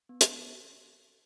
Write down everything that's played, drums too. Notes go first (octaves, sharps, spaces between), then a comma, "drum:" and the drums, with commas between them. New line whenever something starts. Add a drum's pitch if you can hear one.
B3
drum: hi-hat